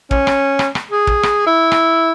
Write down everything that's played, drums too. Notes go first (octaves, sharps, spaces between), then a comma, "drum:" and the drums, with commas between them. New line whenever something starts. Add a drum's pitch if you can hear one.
C#4, drum: kick
drum: rim click
drum: rim click
drum: rim click
G#4
drum: kick
drum: rim click
E4
drum: rim click